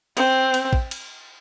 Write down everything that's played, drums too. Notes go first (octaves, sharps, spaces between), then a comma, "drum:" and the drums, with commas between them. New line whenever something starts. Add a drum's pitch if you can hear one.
C4, drum: cymbal
drum: cymbal
drum: kick
drum: cymbal